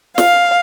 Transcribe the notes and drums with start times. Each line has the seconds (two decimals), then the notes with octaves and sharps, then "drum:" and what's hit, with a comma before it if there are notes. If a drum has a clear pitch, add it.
0.18 F5, drum: snare